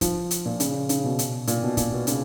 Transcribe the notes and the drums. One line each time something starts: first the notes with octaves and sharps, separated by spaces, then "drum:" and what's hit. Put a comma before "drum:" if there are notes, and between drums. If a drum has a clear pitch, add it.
F3, drum: kick, hi-hat
drum: hi-hat
A#2
C#3, drum: hi-hat
C#3, drum: hi-hat
B2
drum: hi-hat
A#2, drum: hi-hat
B2
A#2, drum: kick, hi-hat
B2
C#3, drum: hi-hat